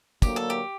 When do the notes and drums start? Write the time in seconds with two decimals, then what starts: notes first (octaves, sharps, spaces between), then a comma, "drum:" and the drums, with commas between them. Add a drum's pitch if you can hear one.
0.22 D2 D3 F#3 A#3 G4, drum: kick, tambourine
0.36 A4
0.50 G4